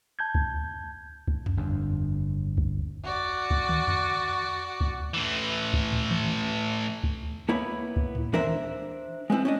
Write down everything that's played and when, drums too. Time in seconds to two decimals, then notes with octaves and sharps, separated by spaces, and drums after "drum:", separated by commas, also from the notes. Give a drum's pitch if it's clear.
0.19 A5 G6 G#6
0.35 drum: kick C#2
1.28 drum: kick C#2
1.46 drum: tom F2
1.57 G1 F2 D4
2.58 drum: kick C#2
3.04 F#4 D5
3.51 drum: kick C#2
3.69 drum: tom
3.88 drum: tom F2
4.81 drum: kick C#2
5.14 A2 E3
5.73 drum: kick C#2
5.92 drum: tom
6.11 drum: tom D#3
7.04 drum: kick C#2
7.49 A#3 B3 E4 C#5 B5
7.96 drum: kick C#2
8.15 drum: tom
8.34 D4 A#4 C5 E5, drum: tom D#3
9.30 G#3 B3 C4 E4
9.45 C#4 D4 D#5